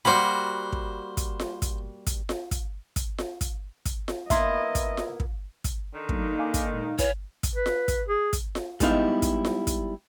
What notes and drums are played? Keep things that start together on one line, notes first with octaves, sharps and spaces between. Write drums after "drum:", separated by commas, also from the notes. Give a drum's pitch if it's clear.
G3 A#3 F#4 C5 B5
drum: kick
drum: kick, hi-hat
drum: snare F4
drum: kick, hi-hat
drum: kick, hi-hat
drum: snare F4
drum: kick, hi-hat
drum: kick, hi-hat
drum: snare F4
drum: kick, hi-hat
drum: kick, hi-hat
drum: snare F4
A#3 B3 E4 D#5 E5 C6, drum: kick, hi-hat
drum: kick, hi-hat
drum: snare F4
drum: kick
drum: kick, hi-hat
D3 D#3
F#3 A3 A#3 D4 D#4, drum: kick
F5 G#5 D6
drum: kick, hi-hat
A#2 G#3
E4 B4 C#5 F5 G#5 B5, drum: kick, hi-hat
drum: kick, hi-hat
B4
drum: snare F4
drum: kick, hi-hat
G#4
drum: kick, hi-hat
drum: snare F4
G3 G#3 B3 D#4 E4 F5, drum: kick, hi-hat
drum: kick, hi-hat
drum: snare F4
drum: kick, hi-hat